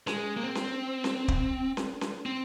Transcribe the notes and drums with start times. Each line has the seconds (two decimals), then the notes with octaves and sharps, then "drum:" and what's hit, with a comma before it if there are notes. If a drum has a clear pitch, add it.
0.07 G#3, drum: snare C#4
0.37 A#3
0.43 C4
0.55 drum: snare C#4
1.04 drum: snare C#4
1.28 drum: kick
1.77 drum: snare C#4
2.01 drum: snare C#4
2.26 C4